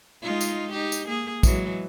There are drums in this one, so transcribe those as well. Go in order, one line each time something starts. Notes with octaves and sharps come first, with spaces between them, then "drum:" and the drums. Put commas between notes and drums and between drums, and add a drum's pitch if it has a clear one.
G#3 D#4 F4
drum: tambourine
D#4 G4
drum: tambourine
A#3 G#4
E3 F#3 G#3, drum: kick, tambourine